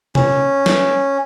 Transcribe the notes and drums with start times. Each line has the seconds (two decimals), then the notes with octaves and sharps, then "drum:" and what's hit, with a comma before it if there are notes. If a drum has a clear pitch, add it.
0.15 C#4, drum: tom B2
0.66 drum: snare